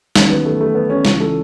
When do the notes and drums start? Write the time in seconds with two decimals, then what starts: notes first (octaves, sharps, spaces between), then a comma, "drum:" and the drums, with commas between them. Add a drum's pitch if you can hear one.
0.16 D#2 D#3 F#3 C#4, drum: snare
0.30 B3
0.45 A3
0.60 A3
0.75 B3
0.90 C#4
1.05 C#2 C#3 E3 C#4, drum: snare
1.20 A4